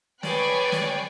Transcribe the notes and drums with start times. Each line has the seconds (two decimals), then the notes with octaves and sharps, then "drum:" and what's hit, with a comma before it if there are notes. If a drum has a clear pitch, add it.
0.23 G#4 B4 C#5 D5 G5, drum: snare
0.72 drum: snare